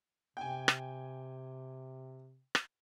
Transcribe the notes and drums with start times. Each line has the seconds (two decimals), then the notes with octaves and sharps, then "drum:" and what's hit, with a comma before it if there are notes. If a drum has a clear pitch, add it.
0.37 C3 G5 G#5
0.68 drum: rim click
2.55 drum: rim click